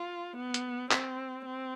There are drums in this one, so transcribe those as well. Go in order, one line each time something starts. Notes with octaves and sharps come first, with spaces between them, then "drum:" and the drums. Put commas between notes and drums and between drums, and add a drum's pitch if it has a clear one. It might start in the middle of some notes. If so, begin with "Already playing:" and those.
Already playing: F4
B3
drum: hi-hat
C4, drum: clap
C4